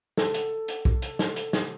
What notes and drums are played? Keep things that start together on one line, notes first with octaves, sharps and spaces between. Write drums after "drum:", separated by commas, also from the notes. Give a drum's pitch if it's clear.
A4, drum: snare
drum: hi-hat
drum: hi-hat
drum: kick
drum: hi-hat
drum: snare
drum: hi-hat
drum: snare